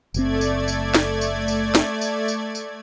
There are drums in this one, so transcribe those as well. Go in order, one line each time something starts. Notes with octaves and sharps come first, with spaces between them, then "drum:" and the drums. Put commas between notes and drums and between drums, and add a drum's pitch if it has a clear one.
F#1 A#2 A3 C4 D5 G#6, drum: tambourine
drum: tambourine
drum: tambourine
drum: snare
drum: tambourine
drum: tambourine
drum: snare
drum: tambourine
drum: tambourine
drum: tambourine